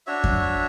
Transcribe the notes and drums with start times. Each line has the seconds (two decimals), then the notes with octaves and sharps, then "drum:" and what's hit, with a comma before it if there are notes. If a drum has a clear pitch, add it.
0.06 D4 F#4 C#5 E5
0.24 drum: kick F2